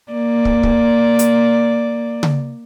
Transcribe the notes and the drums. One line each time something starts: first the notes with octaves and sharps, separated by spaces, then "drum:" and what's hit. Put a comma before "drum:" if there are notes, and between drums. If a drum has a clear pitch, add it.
A#3 D5
drum: kick
drum: kick
drum: hi-hat
drum: tom C#3